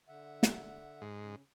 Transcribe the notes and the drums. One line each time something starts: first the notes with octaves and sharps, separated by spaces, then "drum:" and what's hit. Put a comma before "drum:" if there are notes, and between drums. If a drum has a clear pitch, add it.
D3 E5 F#5
drum: snare
G#2
C#3